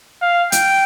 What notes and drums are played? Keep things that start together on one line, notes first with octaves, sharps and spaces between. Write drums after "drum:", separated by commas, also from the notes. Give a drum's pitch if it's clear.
F5
G5, drum: hi-hat